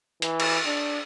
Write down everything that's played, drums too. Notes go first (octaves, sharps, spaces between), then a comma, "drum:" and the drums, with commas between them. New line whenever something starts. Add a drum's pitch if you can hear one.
E3, drum: hi-hat
drum: cymbal
D4